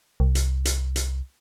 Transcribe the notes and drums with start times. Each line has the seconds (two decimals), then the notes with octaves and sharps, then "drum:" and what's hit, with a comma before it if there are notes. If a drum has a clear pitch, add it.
0.20 C2
0.35 drum: hi-hat
0.65 drum: hi-hat
0.96 drum: hi-hat